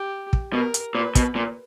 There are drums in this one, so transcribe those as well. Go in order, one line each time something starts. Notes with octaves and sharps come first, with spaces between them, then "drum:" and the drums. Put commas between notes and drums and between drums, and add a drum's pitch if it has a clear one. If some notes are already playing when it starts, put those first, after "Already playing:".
Already playing: G4
drum: kick
B2 A#4
drum: hi-hat
A#2 B4
B2, drum: kick, hi-hat
A#2